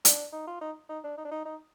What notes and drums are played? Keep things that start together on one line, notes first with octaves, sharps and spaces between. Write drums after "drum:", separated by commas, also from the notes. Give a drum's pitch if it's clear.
D4, drum: hi-hat
D#4
F4
D#4
D#4
D4
D#4
D4
D#4
D#4